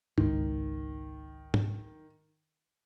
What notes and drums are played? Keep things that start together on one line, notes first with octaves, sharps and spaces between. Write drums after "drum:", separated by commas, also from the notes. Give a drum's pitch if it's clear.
G#1 C#2 D#3 G#3, drum: tom G2
drum: tom